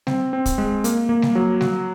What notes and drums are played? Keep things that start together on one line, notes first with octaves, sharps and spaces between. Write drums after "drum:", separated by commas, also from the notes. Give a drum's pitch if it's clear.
C4, drum: snare G3
C4
drum: kick, hi-hat
G#3
A#3, drum: hi-hat
A#3
drum: snare G3
F#3
F#4, drum: snare G3